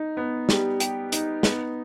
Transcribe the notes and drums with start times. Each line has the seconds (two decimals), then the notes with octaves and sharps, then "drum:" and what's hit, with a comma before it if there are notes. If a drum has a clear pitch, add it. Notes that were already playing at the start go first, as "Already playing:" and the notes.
Already playing: D#4
0.17 B3
0.49 G3, drum: snare
0.80 G4, drum: hi-hat
1.12 D#4, drum: hi-hat
1.43 B3, drum: snare